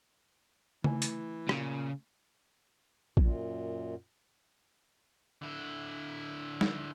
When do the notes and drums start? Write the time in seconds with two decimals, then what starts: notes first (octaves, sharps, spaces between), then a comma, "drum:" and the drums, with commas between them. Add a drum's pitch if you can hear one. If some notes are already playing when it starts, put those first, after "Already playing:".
0.84 E3 A3 G#5, drum: tom C#3
1.02 A3, drum: hi-hat
1.49 A#2 C#3, drum: rim click
3.17 F#2 A#2, drum: kick A#1
5.42 D3 E4
6.61 drum: snare